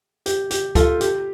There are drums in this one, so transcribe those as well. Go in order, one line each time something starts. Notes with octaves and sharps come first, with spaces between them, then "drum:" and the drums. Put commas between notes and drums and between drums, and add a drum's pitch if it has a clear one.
G4, drum: hi-hat
G4, drum: hi-hat
F4 A4, drum: kick C#2, hi-hat
G4, drum: hi-hat